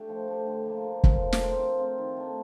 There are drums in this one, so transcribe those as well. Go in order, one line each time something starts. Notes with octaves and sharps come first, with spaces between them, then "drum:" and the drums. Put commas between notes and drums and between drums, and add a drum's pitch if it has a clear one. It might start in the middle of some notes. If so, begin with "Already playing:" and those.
Already playing: A3 D4 G4
F3
A3 D4 G4
D3
F3 A#3
D3
F3 A#3, drum: kick
A3
drum: snare
C4 F4 A#4
A3
C4 F4 A#4
D#3
A3 D4